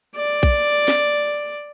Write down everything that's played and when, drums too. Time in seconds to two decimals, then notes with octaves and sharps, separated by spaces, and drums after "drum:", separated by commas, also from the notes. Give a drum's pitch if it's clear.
0.16 D5
0.43 drum: kick A#1
0.88 drum: snare